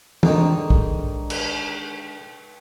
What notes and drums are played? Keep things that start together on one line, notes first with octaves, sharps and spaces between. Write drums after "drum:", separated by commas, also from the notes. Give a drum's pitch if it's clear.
G#2 D3 D#3, drum: tom
drum: kick
drum: cymbal